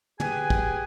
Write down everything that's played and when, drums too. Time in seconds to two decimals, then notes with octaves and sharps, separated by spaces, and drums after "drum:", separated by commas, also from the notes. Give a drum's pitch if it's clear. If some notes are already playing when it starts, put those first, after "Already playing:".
0.20 G4 G#4 B4 G#5, drum: tom
0.50 drum: kick